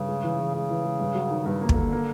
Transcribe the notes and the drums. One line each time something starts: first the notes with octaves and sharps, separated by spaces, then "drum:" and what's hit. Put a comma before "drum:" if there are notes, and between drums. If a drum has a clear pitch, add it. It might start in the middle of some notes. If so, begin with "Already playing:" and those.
Already playing: G2 C#3
G#3
E3
E3
C#3 G#3
E3
G#3
G2
F#3
D#3
G2 C#3
A#3
D3, drum: kick
A#3
A#3